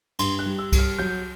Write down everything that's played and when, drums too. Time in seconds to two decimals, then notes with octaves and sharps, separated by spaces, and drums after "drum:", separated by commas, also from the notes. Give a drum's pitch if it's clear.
0.19 G2 C6, drum: cymbal
0.39 F#6
0.46 G3
0.59 E6
0.72 G3, drum: kick C2, cymbal
0.79 F6
0.99 F#3 G6